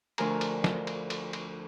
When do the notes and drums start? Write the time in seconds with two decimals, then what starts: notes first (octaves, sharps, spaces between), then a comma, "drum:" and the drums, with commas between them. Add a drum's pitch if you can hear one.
0.18 D2 D3 F3 A#4 G#5 A#5, drum: cymbal
0.41 drum: cymbal
0.64 drum: snare
0.87 drum: cymbal
1.10 drum: cymbal
1.33 drum: cymbal